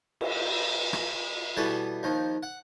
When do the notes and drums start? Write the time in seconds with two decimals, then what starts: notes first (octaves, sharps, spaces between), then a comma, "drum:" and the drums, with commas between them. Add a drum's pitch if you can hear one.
0.21 drum: cymbal
0.93 drum: rim click
1.57 B2 E3 G3 B3 A4
2.03 D#2 D#3 F3
2.43 F#5